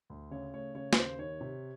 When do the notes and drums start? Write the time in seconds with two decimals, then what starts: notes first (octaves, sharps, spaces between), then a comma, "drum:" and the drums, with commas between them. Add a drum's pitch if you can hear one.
0.10 D2
0.31 C#3 C#5
0.53 A3 C#5
0.74 C#3 C#5
0.93 B4, drum: snare
0.96 D#2 C5
1.19 D#3 C#5
1.41 C3